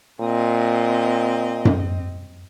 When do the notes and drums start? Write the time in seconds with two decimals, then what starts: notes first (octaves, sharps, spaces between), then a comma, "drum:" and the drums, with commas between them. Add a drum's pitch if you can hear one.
0.22 A#2 C4 D#5
1.65 drum: tom F#2